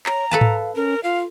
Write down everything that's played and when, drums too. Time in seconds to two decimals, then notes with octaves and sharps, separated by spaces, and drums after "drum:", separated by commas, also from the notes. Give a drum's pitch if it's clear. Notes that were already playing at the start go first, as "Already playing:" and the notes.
0.06 C#5 A#5, drum: clap
0.31 A4 B4 F5 A5
0.41 drum: tom G#2
0.76 C#4 A#4
1.03 F4 F5